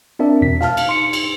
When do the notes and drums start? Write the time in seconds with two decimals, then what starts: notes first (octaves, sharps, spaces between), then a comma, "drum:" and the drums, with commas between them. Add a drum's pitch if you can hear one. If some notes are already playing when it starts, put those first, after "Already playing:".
0.19 C4 D4 A#4 E5
0.41 E2 B2 B6
0.61 F5 A5 F6, drum: snare
0.77 drum: cymbal
0.87 D#4 C6 C#7
1.13 drum: cymbal